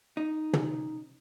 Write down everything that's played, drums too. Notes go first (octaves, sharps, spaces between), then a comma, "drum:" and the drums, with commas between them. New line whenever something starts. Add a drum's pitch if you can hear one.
D#4
drum: tom